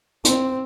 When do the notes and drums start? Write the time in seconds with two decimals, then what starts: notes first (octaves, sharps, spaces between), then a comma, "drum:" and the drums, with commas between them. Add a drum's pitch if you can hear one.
0.25 C4, drum: hi-hat